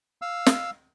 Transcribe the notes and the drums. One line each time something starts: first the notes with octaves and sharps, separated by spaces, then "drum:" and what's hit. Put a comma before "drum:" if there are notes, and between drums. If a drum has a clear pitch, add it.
F5 E6
drum: snare